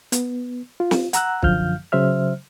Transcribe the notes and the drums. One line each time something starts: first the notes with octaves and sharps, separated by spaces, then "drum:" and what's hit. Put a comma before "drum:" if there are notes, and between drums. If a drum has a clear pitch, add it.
B3, drum: hi-hat
F4
drum: snare
F#5 A#5 E6 F#6, drum: hi-hat
F#2 D3 F3 F5 F6 G6, drum: kick
C#3 F#3 C5 E5 F6